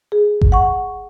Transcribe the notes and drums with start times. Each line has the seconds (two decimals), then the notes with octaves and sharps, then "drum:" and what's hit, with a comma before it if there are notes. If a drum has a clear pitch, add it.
0.12 G#4
0.41 drum: kick G1
0.52 F#5 C#6